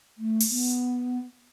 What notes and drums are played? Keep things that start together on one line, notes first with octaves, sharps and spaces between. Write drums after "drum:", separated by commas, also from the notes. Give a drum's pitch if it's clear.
A3
drum: open hi-hat
B3